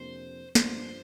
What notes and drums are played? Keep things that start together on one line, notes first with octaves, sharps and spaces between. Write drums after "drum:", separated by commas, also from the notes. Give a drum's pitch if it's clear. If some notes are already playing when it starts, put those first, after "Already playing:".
Already playing: F2 C3 A#3 D4 C5
G2 F3 D4 F4 C5, drum: snare